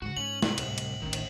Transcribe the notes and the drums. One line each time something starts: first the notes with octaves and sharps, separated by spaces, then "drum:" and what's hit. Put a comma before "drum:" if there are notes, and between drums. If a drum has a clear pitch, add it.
G#2 C#3 F#4 F#5
G#2 C#4 F#7
C2 E3 B3, drum: snare
D2 A2, drum: cymbal
drum: cymbal
A1 D#3 C#4
drum: cymbal